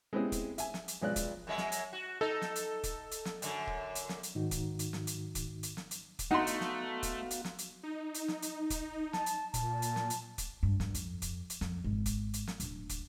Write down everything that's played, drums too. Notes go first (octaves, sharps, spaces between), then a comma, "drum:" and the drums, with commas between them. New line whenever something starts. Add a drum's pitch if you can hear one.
G#3 B3 C4 E4 G4 G#4
drum: kick, hi-hat
E5 G#5, drum: hi-hat
drum: snare
drum: hi-hat
B1 F3 G#3 D5 F#6
drum: kick, hi-hat
F#2 G#3 E5
drum: snare
drum: hi-hat
F#4
D#4 A4
drum: snare
drum: hi-hat
drum: kick, hi-hat
drum: hi-hat
drum: snare
F#2 D3, drum: hi-hat
drum: kick
drum: hi-hat
drum: snare
drum: hi-hat
G#2 D#3 D#4 F#4
drum: kick, hi-hat
drum: hi-hat
drum: snare
drum: hi-hat
drum: kick, hi-hat
drum: hi-hat
drum: snare
drum: hi-hat
drum: kick, hi-hat
A3 B3 D#4 F#4 F5 F#5 C6
drum: hi-hat
drum: snare
drum: kick, hi-hat
drum: hi-hat
drum: snare
drum: hi-hat
D#4
drum: hi-hat
drum: snare
drum: hi-hat
drum: kick, hi-hat
A5, drum: snare
drum: hi-hat
A#2 A5, drum: kick, hi-hat
drum: hi-hat
drum: snare
drum: hi-hat
drum: kick, hi-hat
G2
G2, drum: snare
F2, drum: hi-hat
drum: kick, hi-hat
drum: hi-hat
F2, drum: snare
G#1
drum: kick, hi-hat
drum: hi-hat
drum: snare
D1, drum: hi-hat
drum: kick, hi-hat